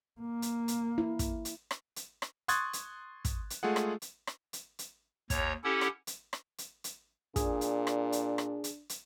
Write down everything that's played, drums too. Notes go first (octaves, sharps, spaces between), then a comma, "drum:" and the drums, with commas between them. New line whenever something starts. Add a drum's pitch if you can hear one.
A#3
drum: hi-hat
drum: hi-hat
E4
drum: kick, hi-hat
drum: hi-hat
drum: rim click
drum: hi-hat
drum: rim click
C6 C#6 D#6 F#6 G#6 A6, drum: hi-hat
drum: hi-hat
drum: kick, hi-hat
drum: hi-hat
G#3 A3 F4 G#4 F#5
drum: rim click
drum: hi-hat
drum: rim click
drum: hi-hat
drum: hi-hat
D#2 C#5 A#5, drum: kick, hi-hat
C#4 E4 G4 A4 F#5
drum: rim click
drum: hi-hat
drum: rim click
drum: hi-hat
drum: hi-hat
A#2 D4 G#4, drum: kick, hi-hat
drum: hi-hat
drum: rim click
drum: hi-hat
drum: rim click
drum: hi-hat
drum: hi-hat